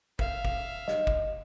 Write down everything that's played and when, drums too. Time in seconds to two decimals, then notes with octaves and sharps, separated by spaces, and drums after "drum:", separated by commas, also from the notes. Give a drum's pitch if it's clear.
0.19 E5 F5, drum: kick
0.45 drum: kick
0.88 D#5, drum: snare
1.07 drum: kick